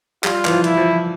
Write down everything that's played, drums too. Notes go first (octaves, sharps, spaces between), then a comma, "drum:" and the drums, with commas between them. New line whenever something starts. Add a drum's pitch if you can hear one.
G3 F4, drum: clap
E3, drum: clap
F3
E4, drum: hi-hat
F3